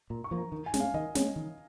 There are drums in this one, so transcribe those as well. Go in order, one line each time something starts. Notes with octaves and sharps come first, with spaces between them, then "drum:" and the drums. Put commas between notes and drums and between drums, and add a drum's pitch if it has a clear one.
A#2 A#5
C#6
F3 A#3
A#5
D#3
G#5
G#3 C#4, drum: snare
F5
D#3 D#5
G#3 C#4, drum: snare
D#3